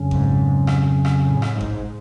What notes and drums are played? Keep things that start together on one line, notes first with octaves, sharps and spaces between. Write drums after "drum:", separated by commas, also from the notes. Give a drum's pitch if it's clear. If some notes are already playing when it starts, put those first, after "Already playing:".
Already playing: F2 C#3 F#3 C#4
G#2, drum: kick G#1
drum: rim click
drum: rim click
A2
drum: rim click
G#2
drum: kick G#1